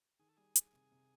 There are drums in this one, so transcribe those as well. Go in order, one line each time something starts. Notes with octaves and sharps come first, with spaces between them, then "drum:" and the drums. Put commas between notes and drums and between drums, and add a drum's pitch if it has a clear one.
D#3 G#4
A4
G3 G#4
G3, drum: hi-hat
C3
C3